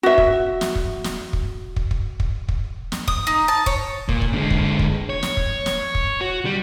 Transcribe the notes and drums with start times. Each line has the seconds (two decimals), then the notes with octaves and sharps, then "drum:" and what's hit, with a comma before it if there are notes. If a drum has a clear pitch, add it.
0.03 F#4 E5
0.18 drum: kick
0.61 drum: snare
0.75 drum: kick
1.04 drum: snare
1.33 drum: kick
1.76 drum: kick
1.91 drum: kick
2.20 drum: kick
2.49 drum: kick
2.92 drum: snare
3.08 D#6, drum: kick
3.27 D#4
3.48 A5
3.66 C#5, drum: kick
4.09 A#2, drum: kick
4.22 drum: kick
4.33 D3 G#3
4.50 drum: kick
4.79 drum: kick
5.10 C#5
5.23 drum: snare
5.37 drum: kick
5.66 drum: snare
5.95 drum: kick
6.21 F#4
6.46 G3